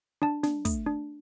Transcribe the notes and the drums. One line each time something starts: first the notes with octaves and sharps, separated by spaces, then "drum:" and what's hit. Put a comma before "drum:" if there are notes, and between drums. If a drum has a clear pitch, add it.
D4 A5
D4, drum: snare
A3, drum: kick, hi-hat
D4